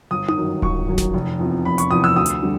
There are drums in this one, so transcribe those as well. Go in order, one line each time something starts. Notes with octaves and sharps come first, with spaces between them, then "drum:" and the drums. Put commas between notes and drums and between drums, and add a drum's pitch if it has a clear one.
G1 D#6
D#6, drum: tom D#4
F#2 D#3 F#3
G1 C#6, drum: kick D1
F#2 D#3 F#3
drum: snare G1
F1
E2 C3 F3
F1 B5
C#6, drum: hi-hat
E2 C3 F3 D#6
E6
D2 D#6
drum: hi-hat
D3 G3